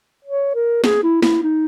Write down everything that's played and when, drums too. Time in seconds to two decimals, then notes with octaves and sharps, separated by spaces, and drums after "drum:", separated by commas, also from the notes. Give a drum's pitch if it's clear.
0.25 C#5
0.55 A#4
0.84 G#4, drum: snare
1.03 E4
1.22 E4, drum: snare
1.43 D#4